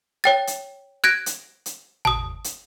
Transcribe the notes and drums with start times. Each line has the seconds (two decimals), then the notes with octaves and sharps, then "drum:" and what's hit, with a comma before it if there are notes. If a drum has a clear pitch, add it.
0.24 C#5 G5 A6
0.47 drum: hi-hat
1.04 F#6 G#6 A#6 D7
1.26 drum: hi-hat
1.66 drum: hi-hat
2.05 A5 D#6, drum: tom G#1
2.44 drum: hi-hat